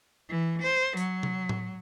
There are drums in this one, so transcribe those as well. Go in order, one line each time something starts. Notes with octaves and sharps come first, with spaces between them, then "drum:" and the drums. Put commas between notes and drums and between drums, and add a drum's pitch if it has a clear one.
E3
C5
F#3, drum: hi-hat
drum: tom C3
drum: tom A2